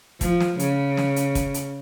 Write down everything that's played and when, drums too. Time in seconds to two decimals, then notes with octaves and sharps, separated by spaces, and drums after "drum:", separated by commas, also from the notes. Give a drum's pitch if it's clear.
0.21 F3, drum: kick, hi-hat
0.40 drum: snare
0.59 C#3, drum: hi-hat
0.97 drum: snare
1.16 drum: hi-hat
1.35 drum: kick, hi-hat
1.54 drum: hi-hat